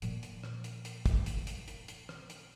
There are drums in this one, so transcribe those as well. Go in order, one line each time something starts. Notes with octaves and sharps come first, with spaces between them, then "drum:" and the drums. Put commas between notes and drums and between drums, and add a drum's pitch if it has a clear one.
A#2 F3, drum: hi-hat
drum: hi-hat
drum: rim click
drum: hi-hat
drum: hi-hat
drum: kick, hi-hat
drum: hi-hat
drum: hi-hat
drum: hi-hat
drum: hi-hat
drum: rim click
drum: hi-hat